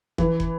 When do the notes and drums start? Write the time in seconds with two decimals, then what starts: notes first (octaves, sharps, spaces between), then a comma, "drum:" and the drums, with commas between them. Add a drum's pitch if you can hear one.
0.18 E3, drum: kick
0.40 drum: kick